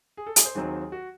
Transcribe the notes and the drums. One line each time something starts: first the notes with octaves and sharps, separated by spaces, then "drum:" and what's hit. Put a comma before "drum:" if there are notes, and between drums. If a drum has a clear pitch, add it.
G#4
A4
G#4, drum: hi-hat
C5
D#2 D#3 F#3 C4 D#4 G#4
F#4